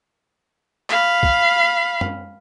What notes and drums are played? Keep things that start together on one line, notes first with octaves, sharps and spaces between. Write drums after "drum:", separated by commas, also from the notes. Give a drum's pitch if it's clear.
F5 B5, drum: clap
drum: kick
drum: tom F#2